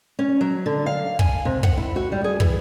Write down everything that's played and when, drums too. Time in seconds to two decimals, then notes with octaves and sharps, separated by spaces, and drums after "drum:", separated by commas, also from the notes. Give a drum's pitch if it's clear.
0.19 C#4
0.41 F#3
0.66 D3
0.86 F5
1.19 G#5, drum: kick
1.45 C3
1.63 F#5, drum: kick
1.77 E4
1.96 F#4
2.12 G3
2.24 G#4
2.40 E3, drum: kick